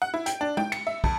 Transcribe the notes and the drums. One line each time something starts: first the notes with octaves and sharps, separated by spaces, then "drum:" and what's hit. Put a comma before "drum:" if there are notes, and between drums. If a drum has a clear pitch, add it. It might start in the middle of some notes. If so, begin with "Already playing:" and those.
F#5
E4
G5, drum: hi-hat
D4
G5, drum: tom G#3
C#7, drum: cymbal
E5
F2, drum: kick